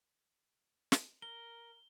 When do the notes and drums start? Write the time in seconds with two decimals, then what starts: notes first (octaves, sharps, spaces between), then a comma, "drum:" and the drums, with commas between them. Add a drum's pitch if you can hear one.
0.92 drum: snare
1.22 A#4 G7